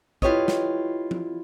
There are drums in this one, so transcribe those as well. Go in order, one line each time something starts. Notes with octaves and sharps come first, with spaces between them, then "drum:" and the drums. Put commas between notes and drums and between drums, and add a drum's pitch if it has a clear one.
E4 F4 G4 B4 C#5 D#5, drum: kick
drum: snare
drum: tom F3